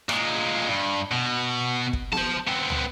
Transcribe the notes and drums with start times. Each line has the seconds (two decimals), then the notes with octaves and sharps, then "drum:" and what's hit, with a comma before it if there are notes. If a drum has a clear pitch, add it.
0.09 A#2 G#3, drum: rim click
0.68 G2
1.11 B2
1.93 drum: kick
2.13 C5 A5, drum: snare B3
2.47 B3 C4
2.70 drum: tom